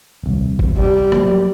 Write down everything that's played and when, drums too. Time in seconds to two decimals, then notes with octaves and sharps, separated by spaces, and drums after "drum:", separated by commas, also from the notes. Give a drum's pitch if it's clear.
0.23 D#1 C2
0.59 drum: kick G1
0.77 G3
1.12 F#3 A#3, drum: rim click